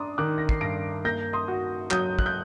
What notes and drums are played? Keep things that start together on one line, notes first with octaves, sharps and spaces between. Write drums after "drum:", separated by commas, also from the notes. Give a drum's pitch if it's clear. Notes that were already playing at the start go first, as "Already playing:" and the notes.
Already playing: D4 A#5 C6 D6 D#6
D#3 D6 F#6
A#6
C7, drum: kick
G2 A#6 D7
A#3 G6 A#6
C6 D#6
F#4
F#3 D#6 G6, drum: clap
F#6, drum: kick
G6